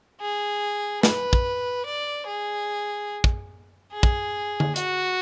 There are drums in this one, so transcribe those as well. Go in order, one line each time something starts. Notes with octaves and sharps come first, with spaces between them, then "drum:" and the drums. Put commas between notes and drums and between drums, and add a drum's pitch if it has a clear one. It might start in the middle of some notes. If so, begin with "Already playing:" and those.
G#4
B4, drum: snare
drum: kick
D5
G#4
drum: kick
G#4
drum: kick
drum: tom D3
F#4, drum: hi-hat